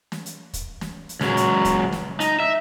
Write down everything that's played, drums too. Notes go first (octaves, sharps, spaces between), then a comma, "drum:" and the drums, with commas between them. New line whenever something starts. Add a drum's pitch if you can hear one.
drum: snare
drum: hi-hat
drum: kick, hi-hat
drum: snare
drum: hi-hat
C#2 F#3, drum: snare
drum: hi-hat
drum: kick, hi-hat
drum: snare
D#4, drum: hi-hat
E5